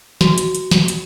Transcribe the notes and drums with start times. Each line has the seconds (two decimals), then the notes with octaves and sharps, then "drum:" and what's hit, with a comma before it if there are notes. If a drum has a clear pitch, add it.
0.21 F#4, drum: snare
0.38 drum: hi-hat
0.55 drum: hi-hat
0.71 drum: snare
0.88 drum: hi-hat